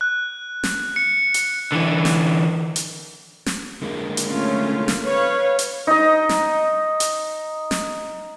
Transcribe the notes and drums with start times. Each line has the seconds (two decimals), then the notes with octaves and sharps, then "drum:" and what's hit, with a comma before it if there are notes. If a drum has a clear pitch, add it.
0.01 F#6
0.63 drum: snare
0.96 C#7
1.34 drum: hi-hat
1.72 D3 E3
2.05 drum: snare
2.76 drum: hi-hat
3.46 drum: snare
3.82 D3 G#3 A#3
4.17 drum: hi-hat
4.28 A3 C#4 F4
4.88 drum: snare
5.04 B4 C#5 F5
5.59 drum: hi-hat
5.87 D#4 D#5
6.29 drum: snare
7.00 drum: hi-hat
7.71 drum: snare